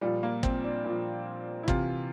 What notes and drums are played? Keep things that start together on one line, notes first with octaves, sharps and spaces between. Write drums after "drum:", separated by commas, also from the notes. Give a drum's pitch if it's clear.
A#2 F3 G3
A#3
C4, drum: kick
D4
A#2
F3
E4
C3 E3 F4, drum: kick